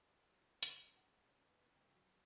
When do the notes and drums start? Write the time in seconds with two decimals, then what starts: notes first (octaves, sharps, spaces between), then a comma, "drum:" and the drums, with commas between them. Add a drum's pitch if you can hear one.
0.19 A#4
0.63 F#3, drum: hi-hat
0.82 F#2
0.97 F#5
1.25 C#4
1.45 B3
1.74 C2
1.95 F#3